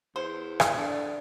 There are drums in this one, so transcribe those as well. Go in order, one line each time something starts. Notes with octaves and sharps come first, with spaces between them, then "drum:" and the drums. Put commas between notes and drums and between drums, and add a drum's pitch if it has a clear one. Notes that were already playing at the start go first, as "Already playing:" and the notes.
E2 C5
drum: rim click
D3 D4